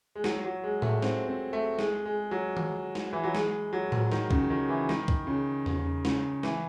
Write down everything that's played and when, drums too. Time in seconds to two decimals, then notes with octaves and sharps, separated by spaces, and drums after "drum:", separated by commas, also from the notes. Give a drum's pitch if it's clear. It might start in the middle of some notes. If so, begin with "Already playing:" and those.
0.15 G#3
0.24 F#3, drum: snare
0.44 F#3
0.63 G#3
0.82 A3, drum: tom A2
1.03 C4, drum: snare
1.28 C4
1.53 A3
1.79 G#3, drum: snare
2.05 G#3
2.31 F#3
2.57 drum: tom D#3
2.95 drum: snare
3.13 E3
3.24 F#3
3.35 G#3, drum: snare
3.73 F#3
3.92 drum: tom A2
4.12 D#3, drum: snare
4.30 C#3, drum: kick C2
4.50 D#3
4.69 E3
4.89 D#3, drum: snare
5.08 drum: kick C2
5.27 C#3
5.66 drum: tom E2
6.05 C#3, drum: snare
6.43 E3, drum: snare